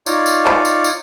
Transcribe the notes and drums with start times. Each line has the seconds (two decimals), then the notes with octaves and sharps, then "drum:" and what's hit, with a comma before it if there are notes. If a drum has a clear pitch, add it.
0.06 D#4 F4 C#5 D5, drum: tambourine
0.26 drum: tambourine
0.45 drum: clap
0.65 drum: tambourine
0.84 drum: tambourine